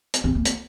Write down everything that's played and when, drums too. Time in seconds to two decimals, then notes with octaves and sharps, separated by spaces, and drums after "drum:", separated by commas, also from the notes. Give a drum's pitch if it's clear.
0.14 drum: hi-hat
0.24 C4
0.35 A#3
0.45 drum: hi-hat